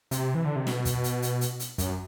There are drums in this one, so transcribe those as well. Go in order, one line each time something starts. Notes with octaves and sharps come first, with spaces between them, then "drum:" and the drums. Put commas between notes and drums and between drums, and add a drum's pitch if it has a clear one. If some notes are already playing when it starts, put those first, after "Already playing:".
C3, drum: hi-hat
E3
D3
C3
B2, drum: snare
drum: kick, hi-hat
drum: hi-hat
drum: hi-hat
drum: hi-hat
drum: hi-hat
F#2, drum: kick, hi-hat